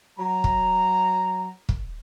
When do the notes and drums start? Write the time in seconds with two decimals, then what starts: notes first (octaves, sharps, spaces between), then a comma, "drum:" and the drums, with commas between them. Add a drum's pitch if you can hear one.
0.19 F#3 A#5
0.44 drum: kick
1.69 drum: kick